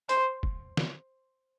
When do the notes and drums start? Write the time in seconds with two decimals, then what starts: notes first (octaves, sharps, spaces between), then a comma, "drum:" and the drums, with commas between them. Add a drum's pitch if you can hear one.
0.09 C5, drum: hi-hat
0.43 drum: kick
0.77 drum: snare